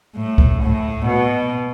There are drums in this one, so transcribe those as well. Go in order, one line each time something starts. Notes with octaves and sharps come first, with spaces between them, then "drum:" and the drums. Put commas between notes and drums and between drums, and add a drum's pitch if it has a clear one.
A2
drum: kick C#2
A2
B2